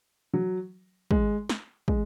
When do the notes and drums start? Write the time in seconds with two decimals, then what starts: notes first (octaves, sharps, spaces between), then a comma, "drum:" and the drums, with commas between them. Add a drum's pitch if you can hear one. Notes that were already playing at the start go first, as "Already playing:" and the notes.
0.33 F#3
1.11 G#3, drum: kick
1.49 drum: snare
1.88 G#3, drum: kick